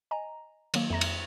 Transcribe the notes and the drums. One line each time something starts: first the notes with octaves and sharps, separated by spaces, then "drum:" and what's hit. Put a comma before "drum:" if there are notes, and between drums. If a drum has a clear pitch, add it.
D#5 G#5 A#5
D#3 F#3 A#3, drum: cymbal
F2 E5 A#5 A#6
drum: cymbal